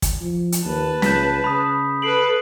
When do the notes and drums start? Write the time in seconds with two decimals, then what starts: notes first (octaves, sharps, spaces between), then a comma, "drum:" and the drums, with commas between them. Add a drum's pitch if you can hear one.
0.02 drum: kick, hi-hat
0.21 F3
0.52 drum: hi-hat
0.65 D#2 B4 A5
1.02 C#2 G6 B6, drum: snare
1.44 C#3 B5 D#6
2.02 A4 B4 C7 D7 F#7